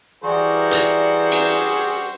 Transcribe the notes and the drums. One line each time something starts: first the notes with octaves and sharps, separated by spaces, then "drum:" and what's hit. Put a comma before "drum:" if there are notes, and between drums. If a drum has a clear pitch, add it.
E3 G3 F#4 G#4 C5 D5 A#5
drum: hi-hat
drum: cymbal